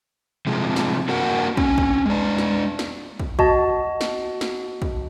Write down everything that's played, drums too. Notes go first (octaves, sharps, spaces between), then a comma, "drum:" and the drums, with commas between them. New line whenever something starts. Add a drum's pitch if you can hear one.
C3 F3 G#3
drum: snare
A#3 D4 F#4 A#4 F#5 G5
C4 C#4, drum: kick
drum: kick
G#3 D4
drum: snare
drum: snare
drum: kick
F#4 D#5 A5, drum: kick
drum: snare
drum: snare
drum: kick